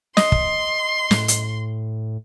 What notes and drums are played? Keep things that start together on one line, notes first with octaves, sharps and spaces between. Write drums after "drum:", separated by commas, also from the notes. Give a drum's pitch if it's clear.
D#5 C6, drum: snare
drum: kick
A2, drum: snare
drum: hi-hat